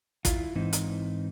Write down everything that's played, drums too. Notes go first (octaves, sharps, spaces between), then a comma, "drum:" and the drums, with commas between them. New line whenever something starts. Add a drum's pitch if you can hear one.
E4 F4, drum: kick, hi-hat
G#2 E3 C4 D#4
drum: hi-hat